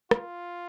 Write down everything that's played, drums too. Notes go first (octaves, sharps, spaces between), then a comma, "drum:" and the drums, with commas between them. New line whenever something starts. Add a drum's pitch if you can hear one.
F4, drum: rim click